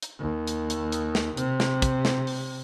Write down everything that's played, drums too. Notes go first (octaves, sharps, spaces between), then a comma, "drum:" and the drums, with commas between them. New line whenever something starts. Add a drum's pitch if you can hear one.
drum: hi-hat
D#2
drum: hi-hat
drum: hi-hat
drum: hi-hat
drum: snare
C3, drum: hi-hat
drum: snare
drum: kick, hi-hat
drum: snare
drum: open hi-hat